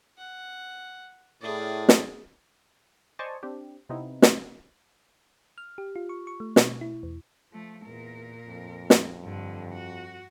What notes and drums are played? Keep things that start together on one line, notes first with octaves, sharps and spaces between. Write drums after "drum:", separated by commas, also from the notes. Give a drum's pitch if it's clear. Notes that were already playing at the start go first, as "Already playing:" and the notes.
F#5
A2 G#4 D5
drum: snare
C5 D5 D#5 G#5 A5 C#6
C4 D4 G4
C3 B3 C4 D#4 E4
drum: snare
F6
G4
F4
C#6
C#6
A3
B2, drum: snare
E4
E2
F3 A3
E2 A#2 A#4
F2
drum: snare
G2 D3
F#4